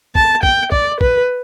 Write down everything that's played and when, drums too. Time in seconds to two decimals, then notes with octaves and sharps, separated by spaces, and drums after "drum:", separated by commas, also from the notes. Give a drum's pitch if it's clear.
0.15 A5, drum: kick
0.43 G5, drum: kick
0.72 D5, drum: kick
1.01 B4, drum: kick